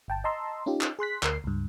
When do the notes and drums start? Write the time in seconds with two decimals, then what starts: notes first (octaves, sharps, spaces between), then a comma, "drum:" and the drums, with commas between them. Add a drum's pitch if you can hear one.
0.08 G1 G5 A5
0.24 D#5 A5 A#5 C6 E6
0.66 C#4 D#4 F4 G4
0.81 drum: clap
0.99 G#4 C6 F#6 B6
1.23 D2 A#4 C7, drum: clap
1.44 C#2 G2